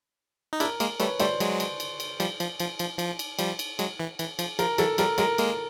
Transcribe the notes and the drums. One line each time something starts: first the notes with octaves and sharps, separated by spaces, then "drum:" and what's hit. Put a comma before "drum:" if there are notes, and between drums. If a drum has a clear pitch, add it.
D#4
D4 E4 A#4, drum: cymbal
G#3 A#3, drum: cymbal
G3 A3 B4 C#5, drum: cymbal
G3 A3 C5 D5, drum: cymbal
F#3 G#3, drum: cymbal
drum: cymbal
drum: cymbal
drum: cymbal
F3 G3, drum: cymbal
F3, drum: cymbal
F3, drum: cymbal
F3, drum: cymbal
F3, drum: cymbal
drum: cymbal
F3 G3, drum: cymbal
drum: cymbal
F#3 G#3, drum: cymbal
E3
E3, drum: cymbal
F3, drum: cymbal
F3 A#4, drum: cymbal
E3 F#3 A4, drum: cymbal
F3 G3 A#4, drum: cymbal
F#3 G#3 A#4, drum: cymbal
G#3 A#3, drum: cymbal